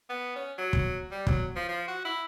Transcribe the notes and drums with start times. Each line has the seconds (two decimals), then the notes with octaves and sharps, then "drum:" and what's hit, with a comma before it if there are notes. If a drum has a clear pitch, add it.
0.10 B3
0.36 C#4
0.58 F#3
0.73 drum: kick
1.11 G3
1.27 F#3, drum: kick
1.56 F3
1.69 F3
1.88 F#4
2.05 E4